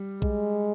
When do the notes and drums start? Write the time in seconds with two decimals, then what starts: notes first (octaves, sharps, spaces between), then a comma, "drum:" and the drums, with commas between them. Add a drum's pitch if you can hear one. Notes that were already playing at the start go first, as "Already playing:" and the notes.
Already playing: G3
0.22 G#3, drum: kick A#1